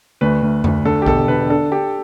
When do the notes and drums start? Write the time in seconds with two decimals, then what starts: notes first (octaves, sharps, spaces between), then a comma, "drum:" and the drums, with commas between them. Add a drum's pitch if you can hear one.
0.21 D2 B4
0.42 D2
0.64 D2, drum: tom F2
0.85 D3 A4
1.02 G4
1.06 E1 A4, drum: kick A#1
1.28 D3 B4
1.50 D4 A4
1.71 D4 G4